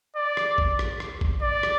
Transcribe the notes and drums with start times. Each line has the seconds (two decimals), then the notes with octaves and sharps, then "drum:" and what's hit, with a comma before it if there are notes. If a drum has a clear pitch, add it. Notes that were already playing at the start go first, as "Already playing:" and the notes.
0.16 D5
0.37 drum: rim click
0.58 drum: kick A1
0.79 drum: rim click
1.00 drum: rim click
1.21 drum: kick A1
1.42 D5
1.63 drum: rim click